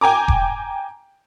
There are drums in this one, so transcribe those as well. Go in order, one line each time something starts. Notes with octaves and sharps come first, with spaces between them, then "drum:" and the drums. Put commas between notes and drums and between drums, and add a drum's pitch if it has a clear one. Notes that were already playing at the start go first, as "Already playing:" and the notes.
G5 G#5 A#5 D6
drum: kick E1